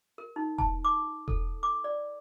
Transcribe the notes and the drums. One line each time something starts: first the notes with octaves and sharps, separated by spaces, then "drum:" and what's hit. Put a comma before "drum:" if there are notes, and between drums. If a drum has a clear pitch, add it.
A#4
D#4
A5, drum: kick E1
D6
A4, drum: kick E1
D6
D5